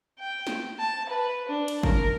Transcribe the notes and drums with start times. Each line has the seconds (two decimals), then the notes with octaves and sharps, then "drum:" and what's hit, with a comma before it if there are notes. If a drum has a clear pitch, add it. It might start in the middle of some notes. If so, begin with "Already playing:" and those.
0.19 G5
0.47 drum: snare
0.79 A5
1.10 B4
1.49 D4
1.68 drum: cymbal
1.83 A#4, drum: kick